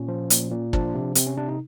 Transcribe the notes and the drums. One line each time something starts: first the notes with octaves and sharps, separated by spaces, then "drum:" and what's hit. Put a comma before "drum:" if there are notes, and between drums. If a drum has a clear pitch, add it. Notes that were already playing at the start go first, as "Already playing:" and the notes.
Already playing: A#2 C#4
F3
A#2, drum: hi-hat
A#2
F3 D4, drum: kick
C3
C3 C4, drum: hi-hat
C#4
C3 D4
D#4